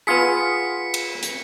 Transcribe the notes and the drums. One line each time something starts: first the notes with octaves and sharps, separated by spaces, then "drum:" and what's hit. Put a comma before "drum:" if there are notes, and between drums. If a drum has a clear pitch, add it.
B3 F4 G#4 B6 C#7
drum: cymbal
drum: hi-hat